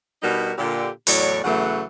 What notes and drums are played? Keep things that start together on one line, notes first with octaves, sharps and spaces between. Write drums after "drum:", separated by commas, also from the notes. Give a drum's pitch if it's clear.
B2 G3 D4 D#4 F#4 A#4
A#2 D3 G4
E2 A2 F#3 C#5 D5, drum: open hi-hat
E2 C#3 E3 F#3 A3 F#5